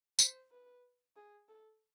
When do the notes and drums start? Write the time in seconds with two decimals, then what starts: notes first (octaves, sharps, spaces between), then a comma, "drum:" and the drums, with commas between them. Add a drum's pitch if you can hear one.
0.19 C5, drum: tambourine
0.52 B4
1.16 G#4
1.49 A4